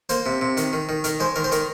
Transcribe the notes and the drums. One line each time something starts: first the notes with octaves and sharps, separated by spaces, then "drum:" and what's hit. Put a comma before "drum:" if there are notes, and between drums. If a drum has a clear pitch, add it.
A#3 C5, drum: hi-hat
C3
C3
D#3, drum: hi-hat
D#3
D#3
D#3 A#4, drum: hi-hat
G#3 C5
D#3 A#4
C5
D#3 A#4, drum: hi-hat